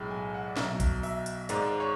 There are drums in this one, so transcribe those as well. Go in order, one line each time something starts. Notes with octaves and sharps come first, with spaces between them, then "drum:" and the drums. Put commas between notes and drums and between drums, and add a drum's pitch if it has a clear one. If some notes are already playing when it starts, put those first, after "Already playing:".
Already playing: B1 A2 G#3
G#5
F#5
D5
B1 B2 F#3 E5, drum: snare
drum: kick, hi-hat
E5, drum: open hi-hat
drum: hi-hat
G#1 G#2 G#3 D5, drum: hi-hat
C#5